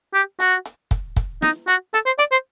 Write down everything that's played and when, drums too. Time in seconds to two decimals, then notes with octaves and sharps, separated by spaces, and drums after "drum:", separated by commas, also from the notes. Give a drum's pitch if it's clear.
0.14 G4
0.40 F#4, drum: hi-hat
0.65 drum: hi-hat
0.91 drum: kick, hi-hat
1.17 drum: kick, hi-hat
1.42 D#4, drum: snare
1.67 F#4, drum: hi-hat
1.94 A4, drum: hi-hat
2.06 C5
2.18 D5, drum: hi-hat
2.31 C5